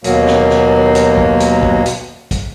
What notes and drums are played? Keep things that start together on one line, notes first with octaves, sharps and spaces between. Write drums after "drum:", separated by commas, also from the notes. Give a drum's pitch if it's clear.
D#2 B2 F#3 A#3, drum: hi-hat
drum: snare
drum: snare
drum: hi-hat
drum: kick
drum: hi-hat
drum: kick
drum: hi-hat
drum: kick, hi-hat